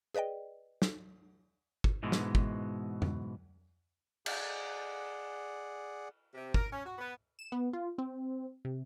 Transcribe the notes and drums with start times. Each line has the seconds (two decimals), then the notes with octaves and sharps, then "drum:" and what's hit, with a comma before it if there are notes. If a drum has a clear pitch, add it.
0.15 G#4 B4 D5 D#5 G5
0.82 drum: snare
1.84 drum: kick
2.03 G#2 B2 E3 G#3
2.12 drum: snare
2.35 drum: kick
3.02 drum: tom F2
4.26 G#4 D5 F#5, drum: cymbal
6.33 C3
6.54 A#4, drum: kick
6.71 C#4
6.85 F#4
6.98 B3
7.39 E7
7.52 B3
7.73 F4
7.98 C4
8.65 C3